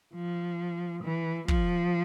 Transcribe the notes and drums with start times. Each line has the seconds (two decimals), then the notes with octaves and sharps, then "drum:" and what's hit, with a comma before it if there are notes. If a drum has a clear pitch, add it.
0.14 F3
1.03 E3
1.48 F3, drum: kick